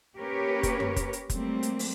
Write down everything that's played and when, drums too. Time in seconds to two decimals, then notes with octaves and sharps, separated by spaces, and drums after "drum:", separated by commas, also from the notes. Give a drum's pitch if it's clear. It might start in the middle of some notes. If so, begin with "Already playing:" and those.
0.17 A#3 C#4 G4 A#4 B4 C#5
0.63 drum: kick F1, hi-hat
0.80 drum: tom F#2
0.96 drum: kick F1, hi-hat
1.13 drum: hi-hat
1.30 F#3 G3 A3 A#3 C4, drum: kick F1, hi-hat
1.63 drum: hi-hat
1.79 drum: open hi-hat